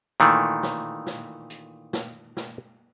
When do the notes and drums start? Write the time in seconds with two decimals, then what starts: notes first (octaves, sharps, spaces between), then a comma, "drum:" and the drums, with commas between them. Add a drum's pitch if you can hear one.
0.20 A#2 D#3 E3 A3, drum: hi-hat
0.63 drum: snare
1.07 drum: snare
1.50 drum: hi-hat
1.93 drum: snare
2.37 drum: snare